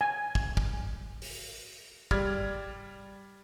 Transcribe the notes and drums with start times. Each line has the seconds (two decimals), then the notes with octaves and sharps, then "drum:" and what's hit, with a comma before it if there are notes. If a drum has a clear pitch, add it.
0.01 G#5
0.35 drum: kick
0.57 drum: kick
1.22 drum: open hi-hat
2.11 G3 D5 F6 G#6, drum: kick